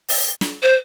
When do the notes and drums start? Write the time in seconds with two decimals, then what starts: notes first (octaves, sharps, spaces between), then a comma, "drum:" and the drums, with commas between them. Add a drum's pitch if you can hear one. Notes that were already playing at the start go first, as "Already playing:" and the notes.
0.09 drum: open hi-hat
0.41 drum: snare
0.62 C5